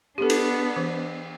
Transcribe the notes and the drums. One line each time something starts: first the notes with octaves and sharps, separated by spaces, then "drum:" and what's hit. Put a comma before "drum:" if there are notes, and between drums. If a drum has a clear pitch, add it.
B3 D4 G4 A4
drum: cymbal
E3